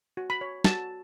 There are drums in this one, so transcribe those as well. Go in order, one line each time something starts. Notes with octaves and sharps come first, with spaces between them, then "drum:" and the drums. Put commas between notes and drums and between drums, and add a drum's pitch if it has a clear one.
F#4
B5
C#5
F#4 A5, drum: snare